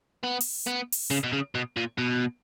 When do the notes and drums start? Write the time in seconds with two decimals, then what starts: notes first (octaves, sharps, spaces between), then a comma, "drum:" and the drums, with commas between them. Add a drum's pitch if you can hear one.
0.24 B3
0.40 drum: open hi-hat
0.67 B3
0.92 drum: open hi-hat
1.10 C#3
1.23 B2
1.33 C#3
1.55 B2
1.77 A#2
1.98 B2